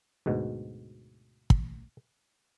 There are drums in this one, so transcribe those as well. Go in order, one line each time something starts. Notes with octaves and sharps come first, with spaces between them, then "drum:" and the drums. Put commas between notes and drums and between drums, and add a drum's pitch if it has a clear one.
D2 G#2 B2
drum: kick